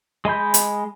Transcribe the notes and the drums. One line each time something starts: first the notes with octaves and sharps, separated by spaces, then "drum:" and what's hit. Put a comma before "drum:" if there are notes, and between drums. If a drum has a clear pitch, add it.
G#3 D#5 B5 G6
drum: hi-hat